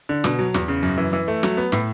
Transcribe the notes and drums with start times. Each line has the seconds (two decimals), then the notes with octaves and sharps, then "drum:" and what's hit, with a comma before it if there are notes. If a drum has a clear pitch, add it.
0.09 D3
0.24 B2, drum: snare
0.39 F#3
0.54 E2, drum: snare
0.68 C#3
0.83 F#2
0.98 E3
1.13 E3
1.28 A3
1.43 F#3, drum: snare
1.57 B3
1.72 A2, drum: snare